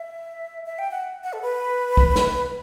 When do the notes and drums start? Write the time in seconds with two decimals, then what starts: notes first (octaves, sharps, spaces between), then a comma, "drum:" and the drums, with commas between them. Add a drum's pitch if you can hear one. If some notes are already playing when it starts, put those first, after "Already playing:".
Already playing: E5
0.66 E5
0.79 G5
0.91 F#5
1.24 F#5
1.33 A4
1.42 B4
1.97 drum: kick
2.16 drum: snare